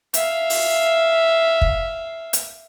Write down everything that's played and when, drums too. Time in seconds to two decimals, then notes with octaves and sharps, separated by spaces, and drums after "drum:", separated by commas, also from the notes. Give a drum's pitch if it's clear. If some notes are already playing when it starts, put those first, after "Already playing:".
0.14 E5 F5, drum: hi-hat
0.50 drum: open hi-hat
1.62 drum: kick
2.33 drum: hi-hat